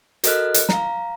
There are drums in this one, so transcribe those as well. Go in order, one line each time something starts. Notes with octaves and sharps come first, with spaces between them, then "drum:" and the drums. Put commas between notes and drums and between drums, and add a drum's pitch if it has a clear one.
F#4 A4 A#4 D#5 F6 F#6, drum: hi-hat
drum: hi-hat
F5 A#5, drum: snare